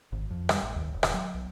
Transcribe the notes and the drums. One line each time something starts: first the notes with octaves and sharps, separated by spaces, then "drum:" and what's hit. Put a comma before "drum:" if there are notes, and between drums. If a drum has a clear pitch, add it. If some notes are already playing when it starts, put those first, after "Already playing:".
G#1
F2
G3, drum: rim click
A1
D#2
D#1
drum: rim click
F#3
B1